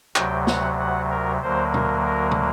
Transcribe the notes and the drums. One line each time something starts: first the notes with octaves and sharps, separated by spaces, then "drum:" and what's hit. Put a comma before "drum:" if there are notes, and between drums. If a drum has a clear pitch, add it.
D2 C3 F#3 G5, drum: clap
F#5, drum: snare
F#5
A#4
D2 D3 F#3 A#3 C5
A#4, drum: tom B2
A#4
drum: tom